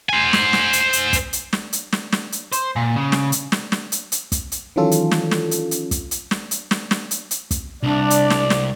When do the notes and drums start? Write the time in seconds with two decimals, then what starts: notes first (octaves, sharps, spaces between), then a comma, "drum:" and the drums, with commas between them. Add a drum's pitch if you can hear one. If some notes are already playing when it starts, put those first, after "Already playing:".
0.09 C5 G#5
0.33 drum: snare
0.53 drum: snare
0.73 drum: hi-hat
0.93 drum: hi-hat
1.13 drum: kick, hi-hat
1.33 drum: hi-hat
1.53 drum: snare
1.73 drum: hi-hat
1.93 drum: snare
2.12 drum: snare
2.32 drum: hi-hat
2.52 C5, drum: hi-hat
2.76 A#2
2.96 C#3
3.12 drum: snare
3.32 drum: hi-hat
3.52 drum: snare
3.72 drum: snare
3.92 drum: hi-hat
4.12 drum: hi-hat
4.32 drum: kick, hi-hat
4.52 drum: hi-hat
4.76 D#3 E3 F#3 C#4 F4 A4
4.92 drum: hi-hat
5.11 drum: snare
5.31 drum: snare
5.51 drum: hi-hat
5.71 drum: hi-hat
5.91 drum: kick, hi-hat
6.11 drum: hi-hat
6.31 drum: snare
6.51 drum: hi-hat
6.71 drum: snare
6.91 drum: snare
7.11 drum: hi-hat
7.31 drum: hi-hat
7.51 drum: kick, hi-hat
7.83 C2 D4 D5
8.10 drum: hi-hat
8.30 drum: snare
8.50 drum: snare